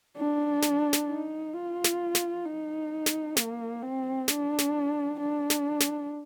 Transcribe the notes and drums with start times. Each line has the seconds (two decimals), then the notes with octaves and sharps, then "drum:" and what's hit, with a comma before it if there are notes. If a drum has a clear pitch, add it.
0.17 D4
0.62 drum: snare
0.93 drum: snare
1.08 D#4
1.53 F4
1.84 drum: snare
2.15 drum: snare
2.45 D#4
3.06 drum: snare
3.37 A#3, drum: snare
3.82 C4
4.28 D4, drum: snare
4.59 drum: snare
5.20 D4
5.50 drum: snare
5.80 drum: snare